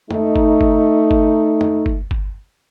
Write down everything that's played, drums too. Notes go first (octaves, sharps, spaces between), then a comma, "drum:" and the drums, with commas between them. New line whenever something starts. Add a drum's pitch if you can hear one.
A3 D#4, drum: tom
drum: kick G1
drum: kick G1
drum: kick G1
drum: tom
drum: kick G1
drum: kick G1